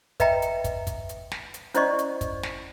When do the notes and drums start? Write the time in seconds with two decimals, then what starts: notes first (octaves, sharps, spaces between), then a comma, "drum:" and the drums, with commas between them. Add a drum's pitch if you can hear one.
0.20 B4 D#5 E5 G5 A#5, drum: kick, hi-hat
0.42 drum: hi-hat
0.64 drum: kick, hi-hat
0.87 drum: kick, hi-hat
1.09 drum: hi-hat
1.31 drum: snare
1.54 drum: hi-hat
1.74 C#4 E4 C5 D5 D#5 C#6, drum: hi-hat
1.99 drum: hi-hat
2.21 drum: kick, hi-hat
2.43 drum: snare